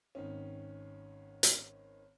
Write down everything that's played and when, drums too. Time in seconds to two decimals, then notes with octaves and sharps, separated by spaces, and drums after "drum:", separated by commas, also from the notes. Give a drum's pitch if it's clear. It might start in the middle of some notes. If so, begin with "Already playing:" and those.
0.15 G#1 D#3 C#4
1.43 drum: hi-hat